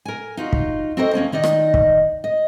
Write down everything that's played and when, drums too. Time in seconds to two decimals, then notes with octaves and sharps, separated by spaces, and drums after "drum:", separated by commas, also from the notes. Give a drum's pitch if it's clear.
0.05 A#4 G#5
0.37 D#4 F4 F#4
0.53 drum: kick
0.97 C4 F#4 A4 A#4 C5 D#5
1.14 E2 A#3 C#4 A5
1.32 D#3 D#4 D5 D#5
1.44 drum: rim click
1.74 drum: kick
2.24 D#5